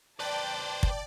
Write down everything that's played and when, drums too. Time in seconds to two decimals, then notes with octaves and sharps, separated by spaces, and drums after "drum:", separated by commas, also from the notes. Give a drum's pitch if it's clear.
0.20 B4 C5 D5 G5 A5
0.83 drum: kick